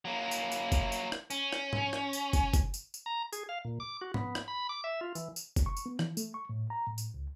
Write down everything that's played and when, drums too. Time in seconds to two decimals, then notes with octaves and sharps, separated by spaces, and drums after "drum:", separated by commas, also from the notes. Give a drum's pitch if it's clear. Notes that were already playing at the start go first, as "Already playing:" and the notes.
0.05 F#3 A#3
0.31 drum: tambourine
0.52 drum: tambourine
0.72 drum: kick, tambourine
0.92 drum: tambourine
1.12 drum: rim click
1.30 C#4, drum: tambourine
1.53 drum: rim click
1.73 drum: tom G#2
1.93 drum: rim click
2.13 drum: tambourine
2.33 drum: kick, tambourine
2.54 drum: kick, tambourine
2.74 drum: tambourine
2.94 drum: tambourine
3.06 A#5
3.33 G#4, drum: tambourine
3.49 F5
3.65 A#2
3.80 D6
4.01 F#4
4.14 B3, drum: tom G#2
4.35 drum: rim click
4.48 B5
4.69 D6
4.84 E5
5.01 F4
5.15 E3, drum: tambourine
5.36 drum: tambourine
5.56 drum: kick, tambourine
5.66 C#6
5.77 drum: tambourine
5.86 B3
5.99 E3, drum: rim click
6.17 A3, drum: tambourine
6.34 C#6
6.49 A2
6.70 A#5
6.86 A2
6.98 drum: tambourine
7.14 C#2